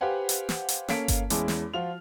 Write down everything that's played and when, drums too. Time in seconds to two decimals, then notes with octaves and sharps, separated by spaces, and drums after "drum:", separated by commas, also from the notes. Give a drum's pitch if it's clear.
0.01 G4 B4 C5 F5 F#5 G#5
0.29 drum: hi-hat
0.49 drum: snare
0.69 drum: hi-hat
0.88 A#3 C#4 A4 F5 B6 D7, drum: snare
1.08 drum: kick G1, hi-hat
1.30 E2 G#3 C#4 E4 A5 D6, drum: hi-hat
1.48 drum: snare
1.74 F3 F4 F#4 F6 F7